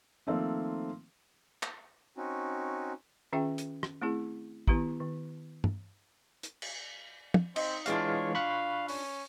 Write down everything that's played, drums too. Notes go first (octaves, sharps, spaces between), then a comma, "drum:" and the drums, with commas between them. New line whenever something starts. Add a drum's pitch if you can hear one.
D#3 F3 A3 A#3 C4
drum: clap
C4 C#4 D#4 F#4
D#3 C#4 F4 G#4 E5 G5
drum: hi-hat
drum: rim click
A3 C4 E4 G#4
D#3 B3 E4 G4 A#5, drum: kick
D#3
drum: tom
drum: hi-hat
drum: cymbal
drum: tom
C4 D#4, drum: cymbal
E3 G#3 D4 F4 F#4 C#5 F5, drum: hi-hat
F5 B5 C#6 F#6
C#4, drum: open hi-hat